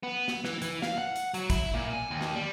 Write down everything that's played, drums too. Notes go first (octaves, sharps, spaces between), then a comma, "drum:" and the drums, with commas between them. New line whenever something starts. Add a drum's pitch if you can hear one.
B3
drum: snare
E3, drum: snare
E3, drum: hi-hat
F5, drum: snare
F#5
drum: hi-hat
F#3, drum: hi-hat
E4, drum: kick, hi-hat
A#2
G#5
D#2
drum: snare
G3